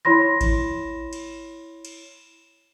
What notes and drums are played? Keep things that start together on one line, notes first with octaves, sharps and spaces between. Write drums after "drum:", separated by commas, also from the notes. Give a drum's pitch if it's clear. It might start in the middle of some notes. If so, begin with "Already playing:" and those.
E4 C#5 B5 C6 A#6
drum: kick A1, cymbal
drum: cymbal
drum: cymbal